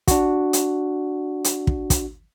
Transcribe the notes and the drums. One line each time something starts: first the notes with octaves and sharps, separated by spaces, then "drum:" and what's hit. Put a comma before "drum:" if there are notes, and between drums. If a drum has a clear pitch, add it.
D4 F#4, drum: kick, hi-hat
drum: hi-hat
drum: hi-hat
drum: kick
drum: kick, hi-hat